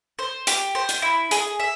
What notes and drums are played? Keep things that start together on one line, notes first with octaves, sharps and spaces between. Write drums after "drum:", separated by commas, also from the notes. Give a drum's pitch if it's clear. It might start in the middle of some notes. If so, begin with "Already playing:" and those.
C5
G4, drum: hi-hat
C5
drum: hi-hat
E4
G#4, drum: hi-hat
E5